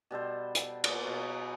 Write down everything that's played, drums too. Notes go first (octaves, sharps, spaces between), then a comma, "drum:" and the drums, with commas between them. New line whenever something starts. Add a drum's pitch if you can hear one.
B2 G3 A4 C5
drum: hi-hat
A#3 B3 F4, drum: cymbal
B2 F#3